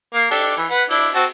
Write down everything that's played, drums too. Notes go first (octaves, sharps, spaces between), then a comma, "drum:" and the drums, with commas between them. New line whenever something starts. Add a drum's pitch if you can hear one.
A#3
D4 G4 A4, drum: cymbal
E3
B4 F#5
D4 E4, drum: cymbal
C4 F#4 A5